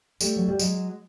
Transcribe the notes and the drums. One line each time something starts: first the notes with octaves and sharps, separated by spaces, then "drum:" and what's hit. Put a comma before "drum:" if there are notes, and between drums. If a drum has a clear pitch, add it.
G3 A3, drum: tambourine
F#3
G3
F#3 G#3, drum: tambourine